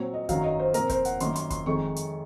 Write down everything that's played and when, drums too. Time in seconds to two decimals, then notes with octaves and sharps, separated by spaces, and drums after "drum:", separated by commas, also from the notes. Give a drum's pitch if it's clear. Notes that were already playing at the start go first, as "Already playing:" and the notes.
Already playing: A#2 F#3 C4 C#5
0.14 D#5
0.29 F#2 D#3 F#3 F5, drum: kick E1, hi-hat
0.44 D#5
0.59 C5
0.74 A#2 F3 C4 A#4, drum: hi-hat
0.89 C5, drum: kick E1, hi-hat
1.05 F#5, drum: hi-hat
1.20 F#2 D#3 A#3 C6, drum: hi-hat
1.36 C6, drum: hi-hat
1.50 C6, drum: kick E1, hi-hat
1.66 F2 D#3 G#3 C#6
1.96 drum: hi-hat